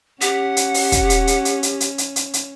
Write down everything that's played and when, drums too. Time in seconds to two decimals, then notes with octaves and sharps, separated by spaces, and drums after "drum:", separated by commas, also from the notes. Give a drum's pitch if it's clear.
0.21 C#4 G4 F#5, drum: hi-hat
0.57 drum: hi-hat
0.74 drum: open hi-hat
0.92 drum: kick, hi-hat
1.10 drum: hi-hat
1.27 drum: hi-hat
1.45 drum: hi-hat
1.63 drum: hi-hat
1.80 drum: hi-hat
1.98 drum: hi-hat
2.16 drum: hi-hat
2.34 drum: hi-hat